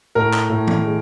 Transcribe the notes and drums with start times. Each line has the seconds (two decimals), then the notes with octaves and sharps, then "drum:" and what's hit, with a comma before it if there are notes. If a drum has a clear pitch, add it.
0.15 A2 A#4
0.33 drum: clap
0.50 A2
0.67 drum: tom
0.84 G#3